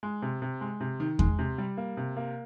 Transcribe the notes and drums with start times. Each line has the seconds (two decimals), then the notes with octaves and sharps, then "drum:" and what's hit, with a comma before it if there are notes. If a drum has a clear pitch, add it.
0.03 G#3
0.22 C3
0.42 C3
0.61 G#3
0.80 C3
1.00 D#3
1.19 G#3, drum: kick E2
1.39 C3
1.58 G3
1.77 A#3
1.97 C3
2.17 A#3